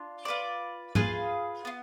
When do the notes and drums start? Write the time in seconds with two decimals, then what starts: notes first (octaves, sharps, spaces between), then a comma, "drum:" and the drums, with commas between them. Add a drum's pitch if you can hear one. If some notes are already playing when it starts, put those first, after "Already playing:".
Already playing: D4 F4
0.25 F4 B4 D5
0.95 F4 G#4 B4 F5, drum: tom G#2
1.65 B3 F4